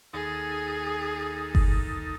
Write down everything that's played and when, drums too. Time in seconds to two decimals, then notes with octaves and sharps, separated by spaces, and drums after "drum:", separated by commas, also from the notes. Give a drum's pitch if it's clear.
0.13 D#2 D#4 G#4 A4
1.55 drum: kick G1